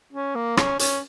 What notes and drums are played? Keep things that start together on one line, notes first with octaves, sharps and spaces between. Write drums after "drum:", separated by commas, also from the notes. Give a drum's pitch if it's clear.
C#4
A#3
C#4, drum: rim click
C#4, drum: hi-hat